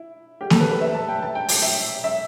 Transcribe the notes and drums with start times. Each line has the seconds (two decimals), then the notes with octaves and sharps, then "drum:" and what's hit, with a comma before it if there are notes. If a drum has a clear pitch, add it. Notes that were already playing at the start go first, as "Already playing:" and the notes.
Already playing: E4
0.41 G4
0.50 A4, drum: snare A#3
0.60 B4
0.70 B4
0.81 E5
0.94 A5
1.09 G5
1.22 A5
1.35 G5
1.48 G5, drum: open hi-hat
1.62 E5
2.04 E5